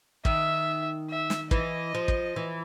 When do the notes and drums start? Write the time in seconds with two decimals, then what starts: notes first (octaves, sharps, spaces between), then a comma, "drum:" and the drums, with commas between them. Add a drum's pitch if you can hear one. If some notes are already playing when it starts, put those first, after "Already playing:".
0.25 D#3 E5, drum: kick
1.10 E5
1.30 drum: snare
1.51 E3 D#5, drum: kick
1.95 F3
2.08 drum: kick
2.36 E3